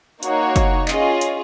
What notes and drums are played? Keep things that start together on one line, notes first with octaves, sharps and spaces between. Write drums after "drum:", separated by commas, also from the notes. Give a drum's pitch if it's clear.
A#3 D#4 F#4 C#5, drum: hi-hat
drum: kick, hi-hat
C#4 F4 G#4 D#5, drum: clap
drum: hi-hat